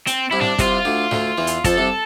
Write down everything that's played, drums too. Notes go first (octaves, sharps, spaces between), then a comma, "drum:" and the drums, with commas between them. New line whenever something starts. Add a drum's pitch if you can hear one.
C4, drum: hi-hat
C2 C3 E4
D4, drum: snare
C2 C3 F4, drum: kick, hi-hat
D2 D3
D2 D3, drum: snare
E2 E3
drum: hi-hat
F2 F3 A4, drum: kick, hi-hat
C2 C3